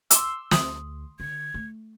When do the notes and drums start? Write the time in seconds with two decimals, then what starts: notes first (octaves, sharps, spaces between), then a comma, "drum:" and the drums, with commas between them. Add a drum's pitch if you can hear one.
0.11 C6 D6 E6, drum: hi-hat
0.51 D2 D#6 F#7, drum: snare
1.20 D3 G#6
1.54 A3